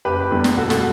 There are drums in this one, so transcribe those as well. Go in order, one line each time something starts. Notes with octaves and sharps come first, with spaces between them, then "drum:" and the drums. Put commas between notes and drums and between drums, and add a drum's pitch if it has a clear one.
F#1 G4 B4
E2 D3 G3
drum: snare
E1 F#4 A4
F#4 A4, drum: snare